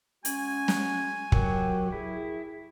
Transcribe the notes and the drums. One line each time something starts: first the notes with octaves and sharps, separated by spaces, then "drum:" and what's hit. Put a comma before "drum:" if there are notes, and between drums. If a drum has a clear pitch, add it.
G#3 C#4 F#4 G#5 C#6, drum: hi-hat
drum: snare
F#3 G4 A#4 G5, drum: kick
E4 G#4